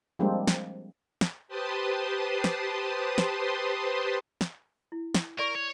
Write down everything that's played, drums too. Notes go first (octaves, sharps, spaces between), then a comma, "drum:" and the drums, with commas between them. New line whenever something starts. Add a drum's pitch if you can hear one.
F3 G3 G#3 A#3 C4 D4
drum: snare
drum: snare
G4 B4 C5 A5 C6 D#6
drum: snare
drum: snare
drum: snare
E4
drum: snare
A#4 D5 C#6
C#5